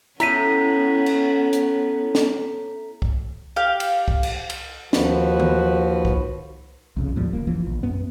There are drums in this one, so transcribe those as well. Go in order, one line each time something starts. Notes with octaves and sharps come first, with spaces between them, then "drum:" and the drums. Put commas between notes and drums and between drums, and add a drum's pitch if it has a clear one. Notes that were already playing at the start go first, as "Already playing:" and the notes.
A2 B3 C#4 E4 A#5 B6 D#7, drum: hi-hat
drum: cymbal
drum: hi-hat
drum: snare
drum: kick C2
G4 F5
drum: cymbal
drum: kick C2
drum: cymbal
drum: cymbal
D#2 F3 F#4 B4, drum: snare
drum: tom D#3
drum: kick C2
C2 F2 C#3
D#2 A2 F3 G3
D#1 C#2 A#3
F#1 E3 F3
A#1
F#2 B3